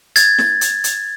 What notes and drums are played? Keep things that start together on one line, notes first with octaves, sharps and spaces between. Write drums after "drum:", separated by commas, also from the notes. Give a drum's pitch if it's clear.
G#6 A6, drum: hi-hat
drum: snare
drum: hi-hat
drum: hi-hat